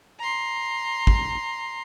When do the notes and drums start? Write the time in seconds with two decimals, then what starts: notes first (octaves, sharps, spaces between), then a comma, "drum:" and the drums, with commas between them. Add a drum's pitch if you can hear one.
0.19 A#5 C6
1.07 drum: kick